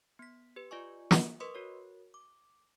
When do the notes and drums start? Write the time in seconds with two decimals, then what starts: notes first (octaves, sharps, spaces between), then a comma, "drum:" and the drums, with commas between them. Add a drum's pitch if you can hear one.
0.19 B3 B6
0.56 G4 B4
0.71 F4 D5 D#5 G#5 C#6
1.11 drum: snare
1.40 A#4 B4 D#5 C6 C#6 D#6
1.55 F#4 A#4 C#5
2.14 D6